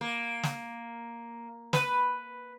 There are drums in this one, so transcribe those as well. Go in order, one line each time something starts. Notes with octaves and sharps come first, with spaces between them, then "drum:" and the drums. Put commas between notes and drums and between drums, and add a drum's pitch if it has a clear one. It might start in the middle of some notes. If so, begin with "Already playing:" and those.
A#3
drum: snare
B4, drum: snare